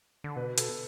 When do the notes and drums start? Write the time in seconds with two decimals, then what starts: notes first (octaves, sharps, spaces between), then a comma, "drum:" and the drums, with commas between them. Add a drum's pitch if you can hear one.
0.24 D3
0.36 B2 B4
0.58 A4, drum: hi-hat